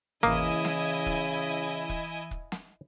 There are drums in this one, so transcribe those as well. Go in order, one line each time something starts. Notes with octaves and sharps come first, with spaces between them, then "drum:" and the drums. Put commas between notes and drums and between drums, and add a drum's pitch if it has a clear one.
C#3 E3 A#3 E4 D#5 G#5 D#6, drum: tom G1
drum: snare
drum: kick
drum: kick
drum: kick
drum: snare